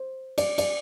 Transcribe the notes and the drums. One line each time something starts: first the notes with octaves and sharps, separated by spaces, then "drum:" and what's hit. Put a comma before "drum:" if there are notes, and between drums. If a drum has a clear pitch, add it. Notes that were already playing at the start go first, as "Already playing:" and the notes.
Already playing: C5
D5, drum: cymbal
D5, drum: cymbal